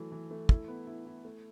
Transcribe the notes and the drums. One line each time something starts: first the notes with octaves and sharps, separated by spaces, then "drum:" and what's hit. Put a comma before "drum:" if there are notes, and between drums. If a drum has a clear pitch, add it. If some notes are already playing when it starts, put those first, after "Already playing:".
Already playing: E3 F#3 A3
E3
A3
E4, drum: kick
B3
E4
E4
A3